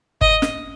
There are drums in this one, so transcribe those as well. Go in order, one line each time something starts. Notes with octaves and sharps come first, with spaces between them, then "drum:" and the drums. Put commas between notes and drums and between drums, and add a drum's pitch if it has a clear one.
D#5, drum: kick G1
drum: snare